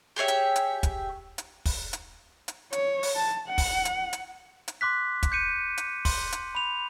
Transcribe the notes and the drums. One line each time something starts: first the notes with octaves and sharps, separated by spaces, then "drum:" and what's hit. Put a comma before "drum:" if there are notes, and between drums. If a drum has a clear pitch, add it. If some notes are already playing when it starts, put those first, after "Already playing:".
G4 G#4 C#5 E5
drum: hi-hat
drum: hi-hat
drum: kick, hi-hat
drum: hi-hat
drum: kick, open hi-hat
drum: hi-hat
drum: hi-hat
C#5, drum: hi-hat
drum: open hi-hat
A5
F#5
drum: kick, open hi-hat
drum: hi-hat
drum: hi-hat
drum: hi-hat
C6 D6 F#6 B6
drum: kick, hi-hat
G6 C#7 D#7
drum: hi-hat
C6, drum: kick, open hi-hat
drum: hi-hat
B5 F7